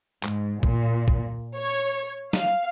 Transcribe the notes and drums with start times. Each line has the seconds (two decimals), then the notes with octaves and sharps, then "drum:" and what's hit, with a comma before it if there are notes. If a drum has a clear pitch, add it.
0.23 G#2, drum: clap
0.63 A#2, drum: kick
1.08 drum: kick
1.56 C#5
2.33 F5, drum: snare